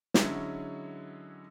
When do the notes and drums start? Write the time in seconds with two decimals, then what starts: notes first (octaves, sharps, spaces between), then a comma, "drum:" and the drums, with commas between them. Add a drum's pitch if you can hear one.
0.14 D3 F#3 G#3 C#4 E4 G#4, drum: snare